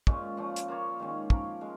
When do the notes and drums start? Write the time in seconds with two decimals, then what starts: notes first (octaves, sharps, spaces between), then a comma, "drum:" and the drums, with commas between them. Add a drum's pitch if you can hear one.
0.07 A#2 G#3 C#4, drum: kick
0.37 A#2 F3 C#4
0.56 drum: hi-hat
0.68 A#3 F4 C#5
0.99 D#3 G#3 C#4
1.30 F3 C#4 A#4, drum: kick
1.61 G#3